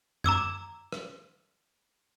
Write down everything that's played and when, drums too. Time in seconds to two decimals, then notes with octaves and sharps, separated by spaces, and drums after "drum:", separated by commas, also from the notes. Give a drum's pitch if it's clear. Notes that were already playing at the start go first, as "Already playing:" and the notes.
0.24 A#5 D6 E6 G#6, drum: tom F#2
0.92 drum: rim click